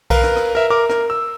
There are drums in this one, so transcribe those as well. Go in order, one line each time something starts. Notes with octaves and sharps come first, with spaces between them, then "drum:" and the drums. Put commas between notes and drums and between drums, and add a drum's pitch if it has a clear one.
A#4 B4 F5 A#5, drum: kick B1, cymbal
drum: rim click
drum: rim click
A#4 E5
A#4 D6
A#4, drum: rim click
E6